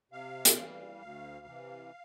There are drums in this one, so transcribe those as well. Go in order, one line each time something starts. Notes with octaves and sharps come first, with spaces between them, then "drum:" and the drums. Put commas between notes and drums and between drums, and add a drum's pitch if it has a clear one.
C3 F5
drum: hi-hat
E3 G3
D2
C3 E3